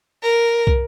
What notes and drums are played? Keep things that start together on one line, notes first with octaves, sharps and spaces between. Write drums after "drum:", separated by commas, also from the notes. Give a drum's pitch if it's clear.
A#4
drum: kick